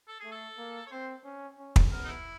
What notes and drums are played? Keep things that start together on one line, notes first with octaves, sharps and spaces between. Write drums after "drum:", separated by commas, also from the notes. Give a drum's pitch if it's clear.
A4
A3 G#4
A4
A#3
C#5
C4 C5
C#4
C#4
drum: kick
B3 A#4
D#4
E4